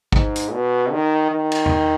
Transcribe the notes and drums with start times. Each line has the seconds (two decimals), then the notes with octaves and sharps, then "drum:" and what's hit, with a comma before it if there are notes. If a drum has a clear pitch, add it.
0.12 G#2, drum: kick
0.36 drum: hi-hat
0.52 B2
0.92 D#3
1.31 D#3
1.52 drum: cymbal
1.66 drum: tom E2